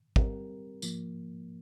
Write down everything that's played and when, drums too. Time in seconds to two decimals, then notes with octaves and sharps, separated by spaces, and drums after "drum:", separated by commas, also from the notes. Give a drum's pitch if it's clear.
0.16 G3 C4 G4 A#4, drum: kick
0.82 G#2 F3 A#3, drum: tambourine